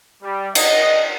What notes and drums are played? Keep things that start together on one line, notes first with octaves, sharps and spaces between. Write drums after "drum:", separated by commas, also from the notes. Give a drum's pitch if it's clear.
G3
D#5, drum: cymbal